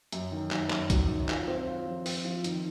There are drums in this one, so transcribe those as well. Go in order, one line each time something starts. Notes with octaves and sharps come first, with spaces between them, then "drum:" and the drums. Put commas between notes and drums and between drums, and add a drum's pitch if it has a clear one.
F#2, drum: hi-hat
D#3
F#2, drum: clap
F#2, drum: clap
F#3, drum: kick, hi-hat
D#3
F4, drum: clap
C4
F4
F3
C4, drum: open hi-hat
F3
D#3, drum: hi-hat